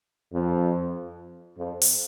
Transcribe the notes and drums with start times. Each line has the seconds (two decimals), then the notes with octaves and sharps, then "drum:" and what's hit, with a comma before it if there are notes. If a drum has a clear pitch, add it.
0.33 F2
1.57 F2
1.82 drum: open hi-hat